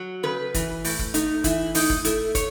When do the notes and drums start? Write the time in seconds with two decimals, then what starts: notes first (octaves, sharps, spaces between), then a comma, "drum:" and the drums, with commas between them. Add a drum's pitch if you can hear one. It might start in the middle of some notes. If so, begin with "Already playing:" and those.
Already playing: F#3
0.23 C#3 B4
0.54 E3, drum: kick, hi-hat
0.84 A2, drum: open hi-hat
0.99 drum: kick
1.14 A3 D#4, drum: hi-hat
1.44 E3 E4, drum: kick, hi-hat
1.75 A2 D#4, drum: open hi-hat
1.90 drum: kick
2.05 A3 E4, drum: hi-hat
2.35 C#5, drum: kick, hi-hat